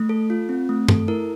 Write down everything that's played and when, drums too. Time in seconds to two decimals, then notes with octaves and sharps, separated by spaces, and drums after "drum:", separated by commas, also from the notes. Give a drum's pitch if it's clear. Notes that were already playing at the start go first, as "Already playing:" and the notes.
Already playing: A3
0.09 A4
0.30 F4
0.49 C4
0.69 A3
0.88 A4, drum: tom G2
1.08 E4 A#4